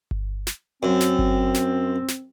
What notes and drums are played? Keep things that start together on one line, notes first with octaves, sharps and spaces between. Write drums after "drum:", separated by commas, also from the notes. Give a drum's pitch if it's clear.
drum: kick G1
drum: snare
F#2 C4
drum: snare
drum: kick G1
drum: snare
drum: snare